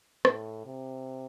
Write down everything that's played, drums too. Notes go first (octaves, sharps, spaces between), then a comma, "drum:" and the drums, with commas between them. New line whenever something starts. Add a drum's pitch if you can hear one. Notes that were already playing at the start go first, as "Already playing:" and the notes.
A2, drum: rim click
C3